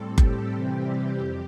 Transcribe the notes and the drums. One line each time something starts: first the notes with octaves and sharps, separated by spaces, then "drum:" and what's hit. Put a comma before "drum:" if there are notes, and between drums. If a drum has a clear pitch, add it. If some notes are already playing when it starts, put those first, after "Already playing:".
Already playing: A2 G3 C4 A4
G4, drum: kick F#1
C3 E3 G3 C4
F2 G4